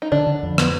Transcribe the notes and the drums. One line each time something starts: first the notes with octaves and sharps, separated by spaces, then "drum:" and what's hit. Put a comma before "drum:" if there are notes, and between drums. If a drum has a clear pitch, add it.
D#4
D3 D4
D3
F2
B3, drum: rim click